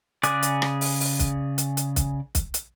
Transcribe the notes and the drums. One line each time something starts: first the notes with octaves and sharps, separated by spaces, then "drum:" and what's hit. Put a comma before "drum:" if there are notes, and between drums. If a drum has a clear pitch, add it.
C#3 G#4 D5 D6 F#6, drum: hi-hat
drum: hi-hat
drum: rim click
drum: open hi-hat
drum: open hi-hat
drum: kick, hi-hat
drum: hi-hat
drum: hi-hat
drum: kick, hi-hat
drum: kick, hi-hat
drum: hi-hat